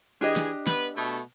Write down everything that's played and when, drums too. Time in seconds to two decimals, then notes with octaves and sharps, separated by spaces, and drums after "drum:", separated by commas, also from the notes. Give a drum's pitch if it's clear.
0.21 E3 D4 G4 G#4 D#5
0.36 drum: snare
0.67 B3 B4, drum: snare
0.96 B2 A3